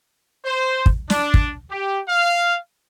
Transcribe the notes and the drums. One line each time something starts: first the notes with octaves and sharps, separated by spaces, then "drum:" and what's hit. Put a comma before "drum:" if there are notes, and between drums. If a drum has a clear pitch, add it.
C5
drum: kick
D4, drum: snare
drum: kick
G4
F5